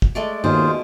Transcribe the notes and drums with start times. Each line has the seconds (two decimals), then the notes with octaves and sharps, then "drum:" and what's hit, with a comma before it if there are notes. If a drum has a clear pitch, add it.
0.02 drum: kick
0.15 G#3 A3 D5
0.44 D#2 B2 F4 G#4 C5, drum: tom G2